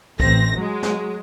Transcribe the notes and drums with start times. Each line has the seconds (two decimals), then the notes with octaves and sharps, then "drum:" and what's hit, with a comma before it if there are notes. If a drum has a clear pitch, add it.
0.20 A1 C4 A#6, drum: kick
0.57 F#3 G#3
0.83 drum: snare